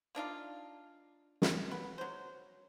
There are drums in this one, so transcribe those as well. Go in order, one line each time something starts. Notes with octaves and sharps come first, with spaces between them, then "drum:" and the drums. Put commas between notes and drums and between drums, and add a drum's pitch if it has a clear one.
A#3 D4 D#4 F4
drum: snare
B3
F#3 C5